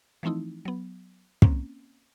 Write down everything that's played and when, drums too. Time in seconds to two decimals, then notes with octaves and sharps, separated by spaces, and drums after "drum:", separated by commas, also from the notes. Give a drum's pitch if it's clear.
0.23 E3 F3 A3 C4 D#4 E4
0.65 F#3 B3
1.42 A#3 C4 C#4, drum: kick